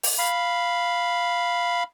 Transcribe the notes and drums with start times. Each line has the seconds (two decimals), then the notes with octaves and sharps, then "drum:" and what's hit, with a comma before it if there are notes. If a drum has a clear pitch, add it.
0.03 drum: open hi-hat
0.18 F5 B5